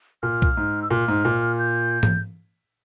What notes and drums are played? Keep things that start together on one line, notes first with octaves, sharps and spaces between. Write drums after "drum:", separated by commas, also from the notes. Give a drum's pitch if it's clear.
A#2 F6
drum: kick B1
G#2
E6
A#2 F6
G#2
A#2
G6
drum: tom G#2